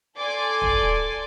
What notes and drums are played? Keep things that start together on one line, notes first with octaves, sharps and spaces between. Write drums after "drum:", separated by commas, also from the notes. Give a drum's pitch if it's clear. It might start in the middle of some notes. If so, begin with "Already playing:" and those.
A4 D5 G#5 C6 D6
drum: kick